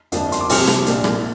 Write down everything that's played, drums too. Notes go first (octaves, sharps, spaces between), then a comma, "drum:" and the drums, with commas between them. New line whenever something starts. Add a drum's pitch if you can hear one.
G1 F2 F3 A#3 D4, drum: hi-hat
C6, drum: hi-hat
D6
C2 C3 F3 C4 F6, drum: open hi-hat
drum: rim click
A#1 A#2 A#3 D4, drum: hi-hat
drum: rim click